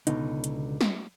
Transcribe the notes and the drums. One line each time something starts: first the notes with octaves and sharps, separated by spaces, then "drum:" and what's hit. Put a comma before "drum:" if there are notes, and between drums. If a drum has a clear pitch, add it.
C#2 B2 D3 D#4, drum: hi-hat
drum: hi-hat
drum: snare